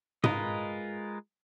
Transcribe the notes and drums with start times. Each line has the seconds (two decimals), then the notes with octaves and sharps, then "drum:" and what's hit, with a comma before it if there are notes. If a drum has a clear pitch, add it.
0.24 G#3 F4 A#4 B4 D#5, drum: tom